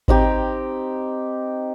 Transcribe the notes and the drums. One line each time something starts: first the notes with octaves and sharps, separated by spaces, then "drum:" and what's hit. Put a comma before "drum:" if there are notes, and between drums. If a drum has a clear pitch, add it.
C4 D#4 G4, drum: kick G#1